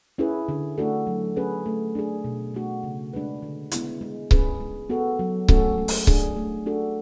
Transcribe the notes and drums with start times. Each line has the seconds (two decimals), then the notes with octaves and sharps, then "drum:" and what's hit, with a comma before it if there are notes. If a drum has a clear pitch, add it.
0.18 C#4 E4 G#4 B4
0.48 D3
0.78 A3 D4 F#4 A4
1.07 F#3
1.36 C#4 G#4 B4
1.66 A3
1.95 D4 G#4
2.24 B2
2.54 A3 D4 F#4
2.83 C#3
3.13 G#3 D4 G#4 B4
3.42 D3
3.71 G#3 B3 E4, drum: hi-hat
4.01 G#3
4.31 C#4 G#4 B4, drum: kick C#1
4.60 G#3
4.89 B3 F#4 A4
5.19 F#3
5.48 A3 C#4 F#4 A4, drum: kick C#1
5.78 G#3
5.88 drum: open hi-hat
6.07 D4 G#4, drum: kick C#1
6.36 A3
6.66 D4 F#4 A4